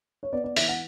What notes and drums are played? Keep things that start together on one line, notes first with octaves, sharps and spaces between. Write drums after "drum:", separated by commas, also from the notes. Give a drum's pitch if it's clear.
C#5
B3 D5
D5
E3 E5, drum: open hi-hat
F#5